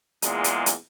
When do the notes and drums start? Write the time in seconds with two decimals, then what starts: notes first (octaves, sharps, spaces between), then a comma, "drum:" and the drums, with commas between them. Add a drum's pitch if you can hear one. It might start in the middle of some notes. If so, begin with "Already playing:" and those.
0.22 E2 A#2 G#3, drum: hi-hat
0.44 drum: hi-hat
0.66 drum: hi-hat